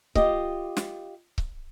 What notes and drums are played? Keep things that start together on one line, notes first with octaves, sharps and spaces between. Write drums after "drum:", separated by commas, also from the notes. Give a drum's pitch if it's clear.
F4 G4 D#5, drum: kick C#1
drum: snare
drum: kick C#1